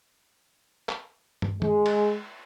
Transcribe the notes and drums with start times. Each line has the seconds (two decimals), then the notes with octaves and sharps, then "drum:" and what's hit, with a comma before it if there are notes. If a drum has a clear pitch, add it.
0.89 drum: clap
1.42 drum: tom
1.62 G#3, drum: tom D#3
1.86 drum: cymbal